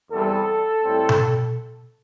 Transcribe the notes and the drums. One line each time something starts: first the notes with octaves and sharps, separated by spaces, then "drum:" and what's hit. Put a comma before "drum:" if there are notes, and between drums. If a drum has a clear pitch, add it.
E2 C3 G3 A4
A2 G3 C4
drum: tom B2